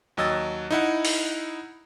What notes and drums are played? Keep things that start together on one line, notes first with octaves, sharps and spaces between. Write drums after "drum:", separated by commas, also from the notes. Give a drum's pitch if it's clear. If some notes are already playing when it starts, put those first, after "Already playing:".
D#2 F#3 D#5 E6 A6
D#4 E4 F#5
drum: open hi-hat